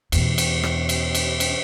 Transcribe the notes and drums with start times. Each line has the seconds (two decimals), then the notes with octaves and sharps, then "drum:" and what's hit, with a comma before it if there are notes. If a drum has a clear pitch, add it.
0.12 E2 B2, drum: cymbal
0.38 drum: cymbal
0.63 drum: rim click
0.89 drum: cymbal
1.15 drum: cymbal
1.40 drum: cymbal